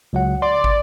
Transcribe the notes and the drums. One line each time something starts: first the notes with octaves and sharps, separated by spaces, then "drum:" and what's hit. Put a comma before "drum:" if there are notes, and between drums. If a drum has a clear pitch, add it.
C#2 F#3 F#5
D5 C6
drum: kick